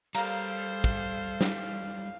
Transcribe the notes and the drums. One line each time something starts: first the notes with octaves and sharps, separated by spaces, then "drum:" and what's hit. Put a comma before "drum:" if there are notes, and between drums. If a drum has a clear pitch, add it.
G3 A#3 A4 C5 F5 A#5, drum: cymbal
drum: kick
drum: snare